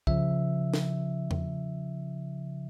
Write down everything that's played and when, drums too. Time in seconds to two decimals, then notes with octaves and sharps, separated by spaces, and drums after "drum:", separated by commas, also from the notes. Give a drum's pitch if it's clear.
0.07 C#3 F3 E5, drum: kick
0.74 drum: snare
1.31 drum: tom E2